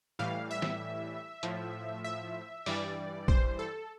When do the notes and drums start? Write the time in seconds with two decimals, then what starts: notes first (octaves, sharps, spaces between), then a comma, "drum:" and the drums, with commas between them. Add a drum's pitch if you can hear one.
0.19 A2 E3 G3 F5
0.51 E5
0.62 drum: snare
1.43 A2 F3, drum: hi-hat
2.04 E5
2.66 G2 E3 G3 D5, drum: open hi-hat
3.28 C5, drum: kick
3.59 A4